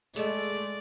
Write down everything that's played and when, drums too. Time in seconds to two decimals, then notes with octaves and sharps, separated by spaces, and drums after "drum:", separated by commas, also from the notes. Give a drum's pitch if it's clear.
0.16 G#3 A3 G#4 A4 D5 D#5, drum: tambourine